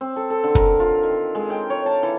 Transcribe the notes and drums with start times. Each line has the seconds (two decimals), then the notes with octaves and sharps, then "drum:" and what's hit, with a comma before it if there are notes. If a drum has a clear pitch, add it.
0.01 C4
0.16 A4
0.30 A4
0.44 D3
0.55 A#4, drum: kick
0.80 F4
1.03 D#3
1.35 G#3
1.50 G5
1.70 C#5
1.86 A5
2.03 E3